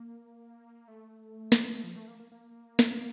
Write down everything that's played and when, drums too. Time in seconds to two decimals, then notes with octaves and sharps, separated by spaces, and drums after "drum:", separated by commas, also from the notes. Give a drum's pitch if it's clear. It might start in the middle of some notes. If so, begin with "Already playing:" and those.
Already playing: A#3
0.88 A3
1.52 drum: snare
1.84 F3
1.96 A3
2.08 A#3
2.19 A#3
2.32 A#3
2.79 drum: snare